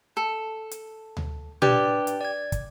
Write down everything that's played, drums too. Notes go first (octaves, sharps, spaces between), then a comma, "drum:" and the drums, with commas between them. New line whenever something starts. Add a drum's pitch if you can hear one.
A4
drum: hi-hat
drum: tom D2
D4 G4 B4 D5, drum: tom A#2
drum: hi-hat
D5 G#6
drum: kick, hi-hat